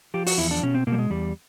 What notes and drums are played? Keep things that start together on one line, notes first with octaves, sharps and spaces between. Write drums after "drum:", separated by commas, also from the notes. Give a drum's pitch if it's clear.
F3 G4
F#4, drum: open hi-hat
E2 E4
D4
B2 C#4
C4
B2 A#3
G3
G#3
E2 G3